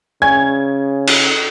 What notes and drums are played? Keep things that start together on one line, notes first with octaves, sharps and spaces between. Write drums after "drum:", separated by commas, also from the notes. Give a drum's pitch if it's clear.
C#3 D5 G#5 C#6 G#6
drum: cymbal